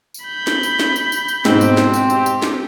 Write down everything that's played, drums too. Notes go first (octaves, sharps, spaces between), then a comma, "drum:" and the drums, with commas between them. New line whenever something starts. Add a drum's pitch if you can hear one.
drum: tambourine
B5 G6
drum: snare
drum: tambourine
drum: snare
drum: tambourine
drum: tambourine
drum: tambourine
G#2 B2 C4, drum: snare
drum: tambourine
drum: snare
drum: tambourine
G4, drum: tambourine
drum: tambourine
drum: snare